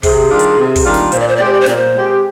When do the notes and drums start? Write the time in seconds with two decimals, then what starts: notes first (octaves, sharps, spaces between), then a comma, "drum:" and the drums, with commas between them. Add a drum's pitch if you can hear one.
0.03 C3 G#4, drum: kick, open hi-hat
0.30 D#3 G3 D4 F4
0.39 drum: hi-hat
0.58 C3
0.76 drum: kick, open hi-hat
0.85 D#3 G3 D4 F4
0.94 drum: snare
1.12 A#2 C5, drum: hi-hat
1.20 D5
1.28 C5
1.37 G#3 C4 G4 D5
1.45 C5
1.53 D5
1.60 C5
1.66 A#2 D5, drum: snare
1.77 C5
1.94 G#3 C4 G4